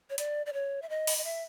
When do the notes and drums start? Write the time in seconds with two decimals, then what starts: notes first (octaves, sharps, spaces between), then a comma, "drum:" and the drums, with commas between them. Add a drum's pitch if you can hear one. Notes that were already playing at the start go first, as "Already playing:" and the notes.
0.10 C#5
0.18 D5, drum: hi-hat
0.46 D5
0.53 C#5
0.82 E5
0.89 D#5
1.07 drum: open hi-hat
1.18 D#5
1.24 E5